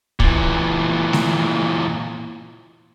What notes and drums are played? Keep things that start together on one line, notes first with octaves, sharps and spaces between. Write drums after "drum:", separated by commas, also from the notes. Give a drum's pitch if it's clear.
A#2 E3, drum: kick
drum: snare A3